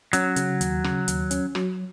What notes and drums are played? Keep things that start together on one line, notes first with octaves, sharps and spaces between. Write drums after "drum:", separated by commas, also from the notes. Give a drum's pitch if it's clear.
F#3 C#4, drum: hi-hat
C#3, drum: hi-hat
D#2, drum: hi-hat
C#3, drum: rim click
D#2, drum: hi-hat
C#4, drum: hi-hat
F#3, drum: rim click